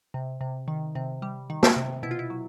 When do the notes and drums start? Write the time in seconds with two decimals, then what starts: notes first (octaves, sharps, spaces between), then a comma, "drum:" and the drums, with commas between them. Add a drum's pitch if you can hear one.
0.14 C3
0.41 C3
0.68 D#3
0.95 C3
1.22 G3
1.50 D#3
1.63 drum: snare
1.77 C3
2.03 B2 E4
2.11 F4
2.19 E4
2.30 F#3